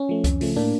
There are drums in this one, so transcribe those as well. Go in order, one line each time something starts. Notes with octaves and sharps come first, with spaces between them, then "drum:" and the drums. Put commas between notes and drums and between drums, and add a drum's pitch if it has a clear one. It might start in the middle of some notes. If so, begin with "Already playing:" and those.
Already playing: C#4
F3 A3
F2, drum: kick C#2, hi-hat
C#3 F3 A3, drum: open hi-hat
A2 A#3 D4